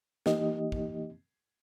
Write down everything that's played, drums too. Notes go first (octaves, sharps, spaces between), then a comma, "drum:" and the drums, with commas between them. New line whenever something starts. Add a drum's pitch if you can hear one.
E3 A#3 D#4 G4 D#5, drum: snare
drum: kick